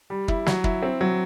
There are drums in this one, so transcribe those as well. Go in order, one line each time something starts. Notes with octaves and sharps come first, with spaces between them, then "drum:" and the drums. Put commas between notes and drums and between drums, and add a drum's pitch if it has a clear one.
G3
E4, drum: kick
F#3, drum: snare
E4, drum: kick
C4
F#3